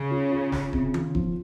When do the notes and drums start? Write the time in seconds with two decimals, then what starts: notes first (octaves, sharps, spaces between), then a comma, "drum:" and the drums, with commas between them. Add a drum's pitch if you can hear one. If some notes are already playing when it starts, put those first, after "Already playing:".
Already playing: C#3
0.11 F4
0.32 F4
0.52 F4, drum: snare
0.73 C3, drum: kick E1
0.94 F4, drum: tom D#3
1.15 F3, drum: kick E1